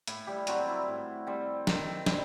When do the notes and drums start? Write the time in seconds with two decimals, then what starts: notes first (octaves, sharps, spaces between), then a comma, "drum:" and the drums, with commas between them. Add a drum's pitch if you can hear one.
0.07 A2 E4, drum: hi-hat
0.27 G3 G4
0.47 F#3 G3 C4 F#4, drum: hi-hat
0.68 E4
0.88 A2
1.27 G3 C4
1.67 D#3, drum: snare
2.06 G3 C4, drum: snare